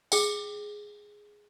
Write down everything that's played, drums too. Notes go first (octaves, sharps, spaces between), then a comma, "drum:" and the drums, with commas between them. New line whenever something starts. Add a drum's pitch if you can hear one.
G#4 G5, drum: tambourine